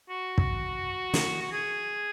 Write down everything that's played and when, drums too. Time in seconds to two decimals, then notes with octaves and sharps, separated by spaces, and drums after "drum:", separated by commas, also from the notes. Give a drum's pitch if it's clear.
0.09 F#4
0.38 drum: kick
1.14 drum: snare
1.41 F#4
1.51 G#4